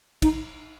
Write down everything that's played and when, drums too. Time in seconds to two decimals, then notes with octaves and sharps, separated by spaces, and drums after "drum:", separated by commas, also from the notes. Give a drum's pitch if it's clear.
0.22 D#4, drum: kick, cymbal